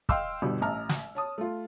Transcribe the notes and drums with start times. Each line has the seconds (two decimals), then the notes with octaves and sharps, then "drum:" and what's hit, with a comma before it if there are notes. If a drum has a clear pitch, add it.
0.09 D#5 F5 G5 C6 E6 F6, drum: kick
0.42 G1 B2 G3
0.61 A1 D#5 A5 A#5 F6
0.89 drum: snare
1.15 C#5 A5 D#6
1.38 A3 F4